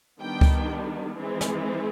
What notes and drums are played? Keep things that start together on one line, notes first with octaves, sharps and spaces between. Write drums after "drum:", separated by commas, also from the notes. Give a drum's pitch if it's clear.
D#3 G3 B3 D4 G5
drum: kick C#2
E3 G#3 C4
drum: snare